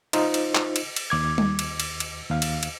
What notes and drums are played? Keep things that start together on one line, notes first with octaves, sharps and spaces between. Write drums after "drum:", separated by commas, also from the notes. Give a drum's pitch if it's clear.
D#4 F4 C5, drum: cymbal
drum: cymbal
drum: clap
drum: cymbal
drum: cymbal
D#2 D6 G#6
drum: tom G3
drum: cymbal
drum: cymbal
drum: cymbal
D#2 F5
drum: cymbal
drum: cymbal